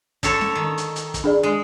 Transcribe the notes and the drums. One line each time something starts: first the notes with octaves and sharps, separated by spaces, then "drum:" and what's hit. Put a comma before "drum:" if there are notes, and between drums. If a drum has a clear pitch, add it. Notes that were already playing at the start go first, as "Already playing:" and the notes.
D3 A4 C#5, drum: kick, hi-hat
drum: snare C#4
D#3
drum: hi-hat
drum: hi-hat
drum: kick, hi-hat
D4 G#4 D5
G#3